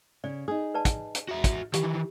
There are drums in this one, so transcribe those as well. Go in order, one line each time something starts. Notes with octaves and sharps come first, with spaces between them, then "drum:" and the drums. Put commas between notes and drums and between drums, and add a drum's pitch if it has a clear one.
C#3 D5
D#4 G#4 D#6
B4 D5 A5
drum: kick, hi-hat
drum: hi-hat
F#4 E5
drum: kick, hi-hat
D#3 E3 G4, drum: hi-hat